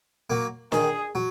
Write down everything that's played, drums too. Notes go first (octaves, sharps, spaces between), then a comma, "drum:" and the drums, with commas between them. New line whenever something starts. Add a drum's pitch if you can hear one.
F#3 A#3
D#3 G#4, drum: snare D4
F#3